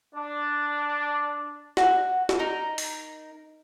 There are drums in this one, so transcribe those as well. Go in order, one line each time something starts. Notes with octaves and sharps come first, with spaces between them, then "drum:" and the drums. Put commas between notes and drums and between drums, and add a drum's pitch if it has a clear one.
D4
F#4, drum: snare
drum: snare
D#4 A#4
drum: open hi-hat